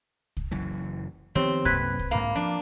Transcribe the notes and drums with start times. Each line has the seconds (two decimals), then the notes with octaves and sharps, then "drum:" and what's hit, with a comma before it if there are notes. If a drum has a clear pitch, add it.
0.37 drum: kick C2
0.51 F#1 F#2 E3
1.35 D#3 F3 B3 C4 G4 C#5
1.65 F#2 C3 A#3 B4 F#6 G#6 B6, drum: kick C2
1.99 drum: kick C2
2.11 D2 G#2 A#3 F5 B5
2.36 F3 D4